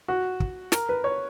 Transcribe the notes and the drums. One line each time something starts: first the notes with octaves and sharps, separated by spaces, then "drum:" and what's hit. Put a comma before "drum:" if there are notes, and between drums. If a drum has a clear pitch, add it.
F#4
drum: kick
A#4, drum: snare
B4
C#5